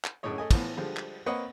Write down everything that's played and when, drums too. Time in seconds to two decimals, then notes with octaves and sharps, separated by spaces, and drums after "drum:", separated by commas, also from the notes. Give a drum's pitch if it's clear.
0.04 drum: clap
0.23 F#2 A2 D3 G#3 C#5 D#5
0.38 A3 D#5 G#5
0.51 A2 E3 F3 B3, drum: kick, cymbal
0.77 D3 F3 G3 G#3
0.97 drum: clap
1.26 A#3 C4 B4 C#5 D#5 F#5